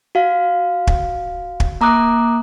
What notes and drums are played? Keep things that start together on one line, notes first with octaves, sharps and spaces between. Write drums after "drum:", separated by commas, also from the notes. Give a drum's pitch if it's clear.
F#4 F5
drum: kick
drum: kick
A#3 A#5 D6 D#6 F#6